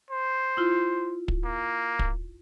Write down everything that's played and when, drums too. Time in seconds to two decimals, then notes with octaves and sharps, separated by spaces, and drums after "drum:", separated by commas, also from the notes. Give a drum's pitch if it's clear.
0.10 C5
0.57 E4 F4
1.28 drum: kick
1.45 A#3
1.99 drum: kick